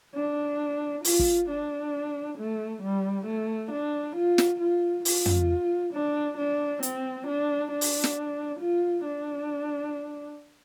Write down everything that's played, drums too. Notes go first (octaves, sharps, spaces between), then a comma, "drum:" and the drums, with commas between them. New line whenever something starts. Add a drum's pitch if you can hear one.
D4
F4, drum: open hi-hat
drum: kick
D4
A3
G3
A3
D4
F4
drum: snare
F4
F4, drum: open hi-hat
drum: tom
D4
D4
C4, drum: hi-hat
D4
D4
drum: open hi-hat
drum: snare
F4
D4